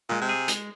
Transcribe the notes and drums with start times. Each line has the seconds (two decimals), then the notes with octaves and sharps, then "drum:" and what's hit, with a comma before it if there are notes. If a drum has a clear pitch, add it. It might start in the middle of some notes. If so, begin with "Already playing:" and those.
0.09 A#2 G#3
0.21 C3
0.29 G#4
0.48 G#3, drum: hi-hat